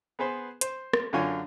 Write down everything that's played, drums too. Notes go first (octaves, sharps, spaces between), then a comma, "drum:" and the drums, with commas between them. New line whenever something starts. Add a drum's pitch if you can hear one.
B3 G#4 B4 C5
C5, drum: hi-hat
drum: rim click
F#2 D3 F4 C#5 G#5